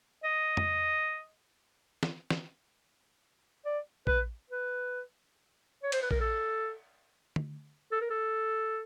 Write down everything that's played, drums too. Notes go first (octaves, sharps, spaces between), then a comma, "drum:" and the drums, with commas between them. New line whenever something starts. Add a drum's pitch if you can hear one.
D#5
drum: tom
drum: snare
drum: snare
D5
B4, drum: kick A#1
B4
C#5
C5, drum: cymbal
B4
A#4, drum: kick A#1
A4
drum: tom
A4
A#4
A4